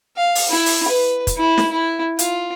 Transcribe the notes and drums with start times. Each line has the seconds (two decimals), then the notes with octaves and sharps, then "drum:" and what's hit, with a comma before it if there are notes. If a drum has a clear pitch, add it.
0.17 F5
0.35 drum: open hi-hat
0.49 E4
0.66 drum: open hi-hat
0.88 B4
1.27 drum: kick, hi-hat
1.37 E4
1.58 drum: snare
1.72 E4
2.19 F4, drum: hi-hat